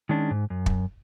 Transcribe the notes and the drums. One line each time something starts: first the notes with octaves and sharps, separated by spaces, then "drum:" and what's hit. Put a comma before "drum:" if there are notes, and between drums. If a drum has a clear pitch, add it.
D#3 G#3 C#4 D4
G#2
F#2
drum: kick